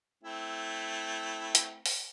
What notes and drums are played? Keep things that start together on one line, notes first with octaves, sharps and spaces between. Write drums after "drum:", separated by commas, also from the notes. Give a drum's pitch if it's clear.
A3 C4 E4
drum: hi-hat
drum: open hi-hat